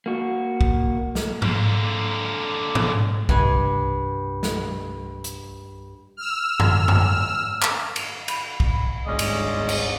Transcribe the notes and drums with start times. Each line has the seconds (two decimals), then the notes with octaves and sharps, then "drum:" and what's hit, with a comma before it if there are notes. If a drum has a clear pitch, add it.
0.06 A#3 F#4
0.61 drum: kick C2
1.15 drum: snare
1.42 D3 A#3, drum: tom G#2
2.75 drum: tom G#2
3.29 C2 G2 G#5, drum: kick C2
4.43 drum: snare
5.24 drum: hi-hat
6.17 E6 F6
6.60 drum: tom F#2
6.88 drum: tom F#2
7.62 drum: clap
7.96 drum: cymbal
8.28 B5, drum: cymbal
8.60 drum: kick C2
9.06 D1 G#1 G2 G#3 C#4 D5 D#5
9.19 drum: cymbal
9.69 drum: cymbal